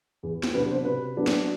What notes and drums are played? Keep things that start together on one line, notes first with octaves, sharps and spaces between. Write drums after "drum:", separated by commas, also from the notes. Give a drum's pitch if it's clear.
E2
drum: snare
C3 F#3 B3 D4 B4
C5
C3 B4
F#3 B3 D4
drum: snare